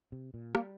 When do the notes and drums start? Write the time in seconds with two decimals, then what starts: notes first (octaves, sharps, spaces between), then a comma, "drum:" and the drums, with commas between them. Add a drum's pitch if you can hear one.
0.12 C3
0.34 A#2
0.55 G3 A#3, drum: rim click